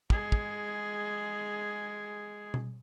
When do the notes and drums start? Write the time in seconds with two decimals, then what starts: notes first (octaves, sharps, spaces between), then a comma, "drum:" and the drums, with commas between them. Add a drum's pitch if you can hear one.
0.10 G#3 G#4, drum: kick
0.32 drum: kick
2.54 drum: tom B2